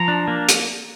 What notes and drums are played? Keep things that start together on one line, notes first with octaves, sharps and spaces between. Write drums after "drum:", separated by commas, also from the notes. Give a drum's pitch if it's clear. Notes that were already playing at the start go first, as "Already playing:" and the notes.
Already playing: F3 A#5
D4
A#3
drum: hi-hat